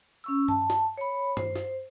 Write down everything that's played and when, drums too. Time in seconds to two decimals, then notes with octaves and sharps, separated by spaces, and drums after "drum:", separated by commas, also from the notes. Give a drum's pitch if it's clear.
0.24 C#4 C#6 E6
0.48 A5, drum: tom G2
0.70 drum: snare
0.97 C#5 B5
1.37 C5, drum: tom G2
1.56 drum: snare